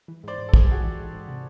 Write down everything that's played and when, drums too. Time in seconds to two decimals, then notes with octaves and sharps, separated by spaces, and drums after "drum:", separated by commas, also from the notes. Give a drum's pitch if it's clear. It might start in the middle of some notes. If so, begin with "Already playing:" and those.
0.08 E3
0.23 G#2 C5 D5
0.38 G#2
0.49 A4
0.54 E3 G#4, drum: kick
0.63 G4
0.69 G#2 F#4 G#4
0.83 E3
0.99 G#2
1.13 G#2
1.28 C3